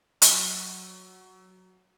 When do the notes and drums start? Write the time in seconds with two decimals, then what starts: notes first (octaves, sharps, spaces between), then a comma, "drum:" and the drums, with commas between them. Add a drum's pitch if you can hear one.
0.22 F#3 C#6, drum: hi-hat